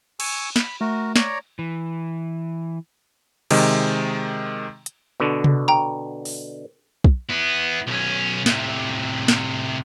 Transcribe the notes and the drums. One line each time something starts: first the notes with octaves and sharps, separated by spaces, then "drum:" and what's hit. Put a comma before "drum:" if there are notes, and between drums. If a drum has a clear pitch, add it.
G#5 C#6 E6, drum: cymbal
B5, drum: snare
A3 F#4 A#4
C#5 D5 A#5, drum: snare
E3
C3 D#3 G#3 D#5, drum: cymbal
drum: hi-hat
B2 D3
drum: tom C3
G5 A#5
drum: open hi-hat
drum: kick
B3 E4
B1 C#4
A2 C3, drum: snare
drum: snare